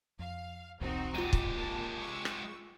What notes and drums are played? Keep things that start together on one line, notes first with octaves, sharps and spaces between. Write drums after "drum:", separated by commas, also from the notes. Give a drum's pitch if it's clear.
F2 F5
D1 B1 E2 C4 D#4 F#4
G#3 F4 G4 D#7
drum: kick
A#3 A5
C#6 E6
drum: rim click